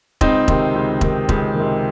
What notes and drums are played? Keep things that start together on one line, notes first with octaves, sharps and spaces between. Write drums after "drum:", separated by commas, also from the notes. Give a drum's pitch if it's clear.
C#2 C4 D#4, drum: kick E1
C3 D#3, drum: kick E1
C#2
C3 D#3, drum: kick E1
C#2, drum: kick E1
D#3
C3